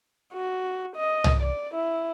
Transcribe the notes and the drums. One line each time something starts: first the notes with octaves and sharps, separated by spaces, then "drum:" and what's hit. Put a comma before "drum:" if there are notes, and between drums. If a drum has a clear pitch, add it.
F#4
D#5
drum: tom
D5
E4